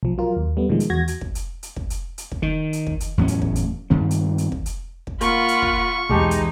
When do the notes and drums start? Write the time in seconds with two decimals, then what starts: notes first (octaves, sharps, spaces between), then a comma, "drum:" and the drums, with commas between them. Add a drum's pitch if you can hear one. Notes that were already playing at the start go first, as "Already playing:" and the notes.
0.03 B1 F3
0.18 F#3 F4 A#4
0.36 D#2
0.57 G3 A3 B3
0.69 B2 D#3 F3 G#3
0.80 drum: hi-hat
0.90 E2 F#4 G#6 A#6
1.08 drum: hi-hat
1.21 drum: kick
1.35 drum: hi-hat
1.63 drum: hi-hat
1.76 drum: kick
1.90 drum: hi-hat
2.18 drum: hi-hat
2.32 drum: kick
2.42 D#3
2.73 drum: hi-hat
2.87 drum: kick
3.00 drum: hi-hat
3.18 E2 A2 F#3 C#4
3.28 drum: hi-hat
3.42 drum: kick
3.55 drum: hi-hat
3.90 G2 D#3 C4
4.11 drum: hi-hat
4.38 drum: hi-hat
4.52 drum: kick
4.66 drum: hi-hat
5.07 drum: kick
5.21 A#3 F4 F#5 B5 C#6, drum: hi-hat
5.48 drum: hi-hat
5.62 drum: kick
6.09 B1 E2 E3 G#3 D#4 G4 A5
6.31 drum: hi-hat